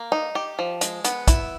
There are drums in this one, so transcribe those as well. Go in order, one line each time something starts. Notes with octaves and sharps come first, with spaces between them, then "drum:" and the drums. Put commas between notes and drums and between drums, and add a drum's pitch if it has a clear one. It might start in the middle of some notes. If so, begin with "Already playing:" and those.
Already playing: A#3
D#4
G4
F3
G#3, drum: hi-hat
B3, drum: hi-hat
E4, drum: kick, hi-hat